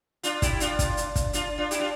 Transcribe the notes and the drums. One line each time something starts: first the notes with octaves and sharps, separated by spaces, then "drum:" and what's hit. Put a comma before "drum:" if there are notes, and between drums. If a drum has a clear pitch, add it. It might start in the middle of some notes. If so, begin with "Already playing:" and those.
D4 F4, drum: hi-hat
E4 G4, drum: kick, hi-hat
D4 F4, drum: hi-hat
drum: kick, hi-hat
drum: hi-hat
drum: kick, hi-hat
D4 F4, drum: hi-hat
D4 F4
E4 G4, drum: hi-hat
D4 F4